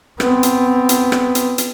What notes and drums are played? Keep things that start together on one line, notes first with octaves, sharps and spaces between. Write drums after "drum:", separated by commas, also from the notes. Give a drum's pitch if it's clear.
B3 C4, drum: rim click
drum: hi-hat
drum: hi-hat
drum: rim click
drum: hi-hat
drum: hi-hat